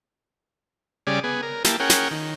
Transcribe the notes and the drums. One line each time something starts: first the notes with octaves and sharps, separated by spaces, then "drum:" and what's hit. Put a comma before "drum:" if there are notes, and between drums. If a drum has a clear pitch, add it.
C#3 G3 G#4 D5
B3 G#4
A#4
A#3 E4 G4 A5, drum: snare
C#4 G#4 A#4 F#5 G5
drum: snare
D#3